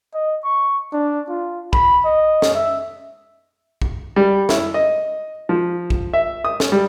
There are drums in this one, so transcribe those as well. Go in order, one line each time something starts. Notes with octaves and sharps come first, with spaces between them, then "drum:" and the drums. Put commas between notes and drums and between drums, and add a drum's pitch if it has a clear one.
D#5
C#6
D4
F4
B5, drum: kick
D#5
drum: snare
E5
drum: kick
G3
E4, drum: snare
D#5
F3
drum: kick
E5
D#6
drum: snare
G3